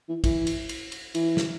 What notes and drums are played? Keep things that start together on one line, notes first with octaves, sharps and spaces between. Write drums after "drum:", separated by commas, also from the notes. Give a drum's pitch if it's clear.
E3
E3, drum: kick, cymbal
drum: cymbal
drum: cymbal
drum: cymbal
E3, drum: cymbal
drum: snare